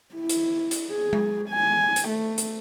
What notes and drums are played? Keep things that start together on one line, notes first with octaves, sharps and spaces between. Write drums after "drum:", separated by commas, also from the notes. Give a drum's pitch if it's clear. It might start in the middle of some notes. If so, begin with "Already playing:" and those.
E4
drum: hi-hat
drum: hi-hat
G#4
drum: tom G#3
G#5
drum: hi-hat
A3
drum: hi-hat